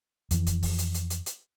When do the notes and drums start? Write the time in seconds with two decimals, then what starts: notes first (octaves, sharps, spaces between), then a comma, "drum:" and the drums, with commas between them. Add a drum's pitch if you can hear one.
0.31 F2 E3, drum: hi-hat
0.47 drum: kick, hi-hat
0.63 drum: kick, open hi-hat
0.79 drum: hi-hat
0.94 drum: hi-hat
1.10 drum: hi-hat
1.26 drum: hi-hat